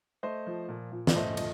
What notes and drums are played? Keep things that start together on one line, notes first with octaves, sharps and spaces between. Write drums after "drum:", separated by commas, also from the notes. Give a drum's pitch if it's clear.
A3 C5 D#5
F3
A#2
A#2
D5, drum: snare
A3 C5 D#5
F3 D#5, drum: cymbal